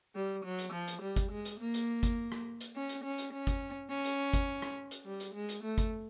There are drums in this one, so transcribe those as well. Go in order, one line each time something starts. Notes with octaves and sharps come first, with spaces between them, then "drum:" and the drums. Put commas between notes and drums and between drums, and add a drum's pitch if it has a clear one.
G3
F#3
drum: hi-hat
F3
drum: hi-hat
G3
drum: kick G1, hi-hat
G#3
drum: hi-hat
A#3
drum: hi-hat
drum: kick G1, hi-hat
drum: rim click
drum: hi-hat
C#4
drum: hi-hat
C#4
drum: hi-hat
C#4
drum: kick G1, hi-hat
C#4
drum: hi-hat
drum: kick G1, hi-hat
drum: rim click
drum: hi-hat
G3
drum: hi-hat
G#3
drum: hi-hat
A3
drum: kick G1, hi-hat